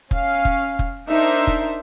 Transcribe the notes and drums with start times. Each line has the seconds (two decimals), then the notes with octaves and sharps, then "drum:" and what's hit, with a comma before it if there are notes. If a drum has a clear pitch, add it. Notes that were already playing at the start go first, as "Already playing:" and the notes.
0.11 C#4 F5, drum: kick F1
0.45 drum: kick F1
0.79 drum: kick F1
1.09 D4 D#4 A#4 C5 E5
1.47 drum: kick F1